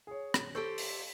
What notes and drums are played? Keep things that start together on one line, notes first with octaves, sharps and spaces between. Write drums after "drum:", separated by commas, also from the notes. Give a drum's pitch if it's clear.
G#4 C#5
drum: rim click
G4 A4 C5 C#6 E6 G6
drum: open hi-hat